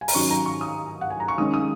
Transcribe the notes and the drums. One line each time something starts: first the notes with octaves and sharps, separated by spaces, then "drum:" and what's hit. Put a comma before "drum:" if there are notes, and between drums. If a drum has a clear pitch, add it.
G#5
A#5, drum: open hi-hat
D#3 F#3 C#4 C#6
A#5
C#6
D#6
F#5
G#5
A#5
C#6
D#3 G#3 C#4 D#6
D#6